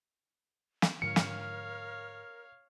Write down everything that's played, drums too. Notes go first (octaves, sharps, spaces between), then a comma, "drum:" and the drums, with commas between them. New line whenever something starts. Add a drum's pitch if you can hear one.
drum: snare
G#2 D3 F3 A#4 C#5 F5 C#7
drum: snare